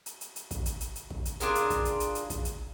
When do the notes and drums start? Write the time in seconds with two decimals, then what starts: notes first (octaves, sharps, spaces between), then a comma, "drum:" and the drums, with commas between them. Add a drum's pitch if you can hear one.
0.06 drum: hi-hat
0.21 drum: hi-hat
0.36 drum: hi-hat
0.51 drum: kick, hi-hat
0.66 drum: hi-hat
0.81 drum: hi-hat
0.95 drum: hi-hat
1.10 drum: kick
1.25 drum: hi-hat
1.40 D4 F4 G#4 A#4, drum: hi-hat
1.55 drum: hi-hat
1.70 drum: kick, hi-hat
1.85 drum: hi-hat
2.00 drum: hi-hat
2.15 drum: hi-hat
2.30 drum: kick, hi-hat
2.45 drum: hi-hat